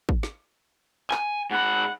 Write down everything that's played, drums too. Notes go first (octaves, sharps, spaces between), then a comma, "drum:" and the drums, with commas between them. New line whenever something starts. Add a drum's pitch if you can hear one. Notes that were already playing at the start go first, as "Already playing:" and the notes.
drum: kick
drum: snare
G#5, drum: clap
G#2 F#5 B5